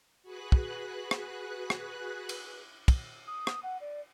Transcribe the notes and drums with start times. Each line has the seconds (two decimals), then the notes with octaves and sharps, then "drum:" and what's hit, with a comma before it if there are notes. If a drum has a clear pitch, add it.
0.23 F#4 G#4 B4 F#6
0.52 drum: kick
1.11 drum: rim click
1.70 drum: rim click
2.29 drum: cymbal
2.88 drum: kick, cymbal
3.27 D#6
3.47 drum: rim click
3.63 F#5
3.80 D5